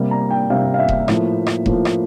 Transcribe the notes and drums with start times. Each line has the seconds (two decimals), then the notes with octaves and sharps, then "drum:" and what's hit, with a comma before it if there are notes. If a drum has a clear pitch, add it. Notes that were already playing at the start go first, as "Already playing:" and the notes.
Already playing: C3 G3 A#3
0.11 A#5
0.30 G5
0.50 C3 G3 A#3 F5
0.74 F5
0.79 E5
0.89 drum: kick E1
1.08 A2 F3 A#3, drum: rim click
1.47 drum: rim click
1.66 A2 F3 A#3, drum: kick E1
1.85 drum: rim click